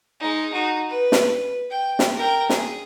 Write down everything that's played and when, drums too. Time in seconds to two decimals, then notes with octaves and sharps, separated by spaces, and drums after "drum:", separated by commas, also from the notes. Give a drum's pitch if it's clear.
0.20 G#3 D#4
0.53 D#4 F#4
0.89 B4
1.12 drum: snare
1.71 G5
1.99 drum: snare
2.16 A#4 G5
2.50 G#4, drum: snare